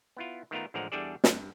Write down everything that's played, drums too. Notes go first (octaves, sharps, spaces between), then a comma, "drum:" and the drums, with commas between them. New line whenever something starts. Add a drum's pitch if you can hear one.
B3 E4 F4
D#3 A3 B3 F4 A#4
A1 D3 F3 G#3 A#4 F#5
E2 G3 D4 G#4 A4 D5
G2, drum: snare